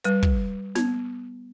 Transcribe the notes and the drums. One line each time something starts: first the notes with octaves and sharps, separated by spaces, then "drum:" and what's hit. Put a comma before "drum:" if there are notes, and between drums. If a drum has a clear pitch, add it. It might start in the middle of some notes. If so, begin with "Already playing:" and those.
G3 B4, drum: hi-hat
drum: kick
B3, drum: snare